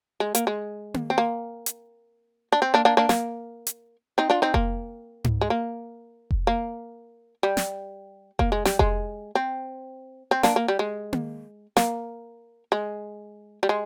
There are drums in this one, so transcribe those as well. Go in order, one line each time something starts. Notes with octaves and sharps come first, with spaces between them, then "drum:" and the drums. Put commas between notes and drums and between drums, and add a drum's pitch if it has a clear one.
G#3
A#3, drum: hi-hat
G#3
drum: tom A#3
C4
A#3
drum: hi-hat
D4
C4
A#3 D4
A#3 D4
A#3 D4
A#3, drum: snare
drum: hi-hat
C4 D#4
D4 F4
C4 D#4
A#3, drum: kick F1
drum: tom G#2
G#3
A#3
drum: kick F1
A#3
G3
drum: snare
A#3, drum: kick F1
G#3
G3, drum: snare
G#3, drum: kick F1
C4
C4
A#3 D4, drum: snare
A#3
G3
G#3
drum: tom A#3
A#3, drum: snare
G#3
G3
G#3